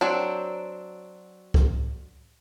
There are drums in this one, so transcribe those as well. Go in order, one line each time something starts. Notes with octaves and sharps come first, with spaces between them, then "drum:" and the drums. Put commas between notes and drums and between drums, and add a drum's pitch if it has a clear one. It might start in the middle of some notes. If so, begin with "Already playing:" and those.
F#3 C4 D4
drum: kick C2